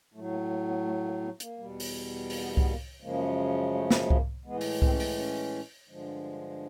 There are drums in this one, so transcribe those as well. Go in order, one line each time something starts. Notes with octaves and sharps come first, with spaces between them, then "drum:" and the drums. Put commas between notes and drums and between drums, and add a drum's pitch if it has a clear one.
A2 F#3 A3
A#3
A#3
B3
A3
A#3
B3
A#3, drum: hi-hat
E2 B2 G3
drum: open hi-hat
A#3, drum: open hi-hat
B3
A#3
B3, drum: kick C2
A#3
F#2 C#3 F3 G#3 A#3
A3
drum: snare
B3
A#3, drum: kick C2
A2 E3 G#3 B3
drum: open hi-hat
C4, drum: kick C2
C#4
C4, drum: open hi-hat
C#4
G2 D3 F3 G#3